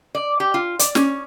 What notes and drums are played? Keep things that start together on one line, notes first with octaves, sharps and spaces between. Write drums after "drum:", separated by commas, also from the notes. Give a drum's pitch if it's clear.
D5
G4
F4
D5, drum: hi-hat
C#4, drum: snare